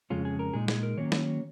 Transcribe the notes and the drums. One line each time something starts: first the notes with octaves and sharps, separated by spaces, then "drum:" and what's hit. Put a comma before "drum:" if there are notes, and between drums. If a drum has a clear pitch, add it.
F2 C#3 G#3 C#4 F4
G#4
A#4
A#2 G#3 D#4 G#4
G#4, drum: snare
A#4
D#3 F#3 A#3 C#4 C#5
drum: snare